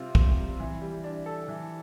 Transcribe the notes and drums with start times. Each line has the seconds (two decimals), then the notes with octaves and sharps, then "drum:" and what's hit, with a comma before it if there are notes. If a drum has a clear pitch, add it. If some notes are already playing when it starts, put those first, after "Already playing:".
Already playing: C3 G3 C4 F4
0.15 C3, drum: kick
0.37 G3
0.60 E3
0.82 G3
1.04 D4
1.26 A4
1.48 E3